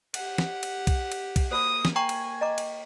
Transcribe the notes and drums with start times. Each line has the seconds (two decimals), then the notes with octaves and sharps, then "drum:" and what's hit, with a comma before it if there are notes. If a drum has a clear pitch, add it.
0.14 G4 F#5, drum: cymbal
0.38 drum: snare
0.63 drum: cymbal
0.87 drum: kick, cymbal
1.12 drum: cymbal
1.36 drum: kick, cymbal
1.51 A#3 F#4 C5 D#6
1.85 drum: snare
1.96 G5 G#5 A#5 C#6
2.09 drum: cymbal
2.41 D#5 A#5 D6
2.58 drum: cymbal